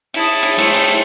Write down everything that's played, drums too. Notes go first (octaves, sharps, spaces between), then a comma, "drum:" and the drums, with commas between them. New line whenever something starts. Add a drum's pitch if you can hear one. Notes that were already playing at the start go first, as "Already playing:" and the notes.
E4 A5 D#6, drum: cymbal
drum: cymbal
A3 E4 C5, drum: cymbal
drum: cymbal